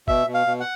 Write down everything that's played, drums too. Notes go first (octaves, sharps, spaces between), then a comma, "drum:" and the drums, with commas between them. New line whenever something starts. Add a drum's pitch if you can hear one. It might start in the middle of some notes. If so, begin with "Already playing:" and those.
B2 E5, drum: kick F#1
B2
F5
B2
F#5